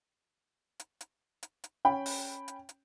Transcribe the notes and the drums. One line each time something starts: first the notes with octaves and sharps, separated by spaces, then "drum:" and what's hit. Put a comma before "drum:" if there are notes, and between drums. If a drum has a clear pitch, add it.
drum: hi-hat
drum: hi-hat
drum: hi-hat
drum: hi-hat
C#4 G5 B5
drum: open hi-hat
drum: hi-hat
drum: hi-hat